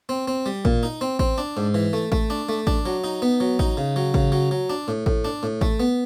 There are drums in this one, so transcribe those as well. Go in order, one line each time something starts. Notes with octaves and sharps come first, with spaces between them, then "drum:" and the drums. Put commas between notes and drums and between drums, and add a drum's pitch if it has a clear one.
C4
C4
G3
A#2, drum: kick A1
D#4
C4
C4, drum: kick A1
D4
G#2
E3
A3
A3, drum: kick A1
D4
A3
D4, drum: kick A1
F#3
D#4
B3
F#3
D#4, drum: kick A1
C#3
F#3
C#3, drum: kick A1
F#3
F#3
D4
A2
A2, drum: kick A1
D4
A2
A3, drum: kick A1
B3